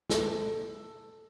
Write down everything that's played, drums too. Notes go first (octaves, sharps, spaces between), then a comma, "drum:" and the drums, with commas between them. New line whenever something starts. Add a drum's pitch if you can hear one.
A4, drum: snare